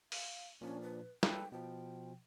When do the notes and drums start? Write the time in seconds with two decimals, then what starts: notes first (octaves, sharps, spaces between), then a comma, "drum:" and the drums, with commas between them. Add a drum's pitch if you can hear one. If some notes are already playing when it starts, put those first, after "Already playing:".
0.12 F5, drum: open hi-hat
0.61 A#2 F3 C#4 D4
0.82 B4
1.23 G3 A4 B4 G5, drum: snare
1.52 B2 F3 G5